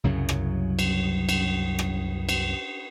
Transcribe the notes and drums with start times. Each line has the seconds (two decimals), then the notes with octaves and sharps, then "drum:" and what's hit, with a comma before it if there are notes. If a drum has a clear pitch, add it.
0.04 C2 F#2 C#3 F#3
0.29 drum: rim click
0.79 drum: cymbal
1.29 drum: cymbal
1.79 drum: rim click
2.29 drum: cymbal